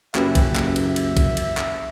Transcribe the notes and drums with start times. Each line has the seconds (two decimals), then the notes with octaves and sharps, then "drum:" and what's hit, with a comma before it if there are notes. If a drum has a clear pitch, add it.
0.15 F#1 A#3 C#4 F#4 G4 B4 E5 G5, drum: clap
0.35 drum: kick, cymbal
0.56 drum: clap
0.76 drum: cymbal
0.96 drum: cymbal
1.17 drum: kick, cymbal
1.37 drum: cymbal
1.57 drum: clap